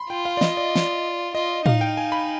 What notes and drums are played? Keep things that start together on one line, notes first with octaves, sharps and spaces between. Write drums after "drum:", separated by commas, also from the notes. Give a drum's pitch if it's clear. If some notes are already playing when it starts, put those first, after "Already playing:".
Already playing: B5 C6
F4 G5
F5
D5
D#5, drum: snare
D5
drum: snare
F4 D#5
D#4 F5, drum: tom A2
G5
G#5
B5